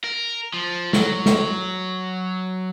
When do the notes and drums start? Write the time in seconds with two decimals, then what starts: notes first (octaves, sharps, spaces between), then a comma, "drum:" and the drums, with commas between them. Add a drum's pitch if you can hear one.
0.04 A#4
0.54 F3
0.93 F#3, drum: snare
1.26 drum: snare